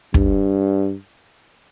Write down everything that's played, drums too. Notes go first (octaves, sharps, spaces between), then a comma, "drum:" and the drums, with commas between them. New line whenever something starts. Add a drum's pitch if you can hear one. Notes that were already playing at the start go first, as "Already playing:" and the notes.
G2, drum: kick